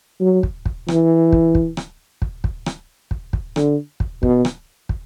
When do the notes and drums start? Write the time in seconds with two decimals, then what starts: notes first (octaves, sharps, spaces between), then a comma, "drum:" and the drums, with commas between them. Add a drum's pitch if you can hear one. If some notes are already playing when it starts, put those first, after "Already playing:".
0.21 F#3
0.43 drum: kick
0.66 drum: kick
0.88 E3, drum: rim click
1.32 drum: kick
1.55 drum: kick
1.77 drum: rim click
2.22 drum: kick
2.44 drum: kick
2.66 drum: rim click
3.11 drum: kick
3.33 drum: kick
3.56 D3, drum: rim click
4.00 drum: kick
4.23 B2, drum: kick
4.45 drum: rim click
4.89 drum: kick